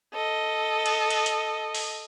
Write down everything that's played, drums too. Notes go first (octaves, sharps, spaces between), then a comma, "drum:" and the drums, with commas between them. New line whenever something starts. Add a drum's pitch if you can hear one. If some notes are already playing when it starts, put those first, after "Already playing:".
A4 D#5
drum: cymbal
drum: cymbal
drum: hi-hat
drum: open hi-hat